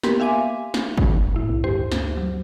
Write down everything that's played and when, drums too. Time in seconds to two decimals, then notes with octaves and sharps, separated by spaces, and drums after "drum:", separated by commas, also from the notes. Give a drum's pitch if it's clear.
0.03 A#3 B3 G4 A#4 C6 B6, drum: snare
0.20 E5 F5 G#5 D6 D#7
0.74 drum: snare
0.98 drum: kick
1.34 A2 E4
1.49 B1
1.64 D2 G2 G4 C5
1.92 drum: snare
2.17 F#3